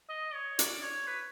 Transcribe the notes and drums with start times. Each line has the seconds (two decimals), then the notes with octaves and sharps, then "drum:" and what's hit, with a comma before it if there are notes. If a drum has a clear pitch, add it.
0.09 D#5
0.34 C#5
0.59 D5, drum: hi-hat
0.83 C#5
1.07 B4